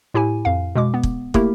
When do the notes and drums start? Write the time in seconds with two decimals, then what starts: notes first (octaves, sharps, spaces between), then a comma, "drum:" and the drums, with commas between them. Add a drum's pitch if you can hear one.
0.14 A2 E4 G4 G#5
0.45 F2 F5
0.75 B2 G#3 D6
0.94 B3
1.03 drum: kick
1.34 A3 A#3 E4 G4 A#4, drum: kick